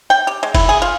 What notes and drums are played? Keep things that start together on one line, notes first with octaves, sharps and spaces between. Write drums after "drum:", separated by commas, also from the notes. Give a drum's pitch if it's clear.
G5
G4
G#3
E4, drum: kick F1, cymbal
G#4
F4